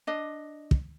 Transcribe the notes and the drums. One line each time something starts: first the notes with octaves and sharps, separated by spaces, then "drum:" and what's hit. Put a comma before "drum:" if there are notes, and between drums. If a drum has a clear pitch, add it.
D4 D#5
drum: kick